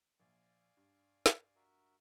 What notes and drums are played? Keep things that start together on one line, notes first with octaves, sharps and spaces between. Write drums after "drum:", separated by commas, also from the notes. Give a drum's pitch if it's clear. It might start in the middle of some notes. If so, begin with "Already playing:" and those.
A#1 D5 F5 G#5
G2
drum: snare
F#4 A#4 E5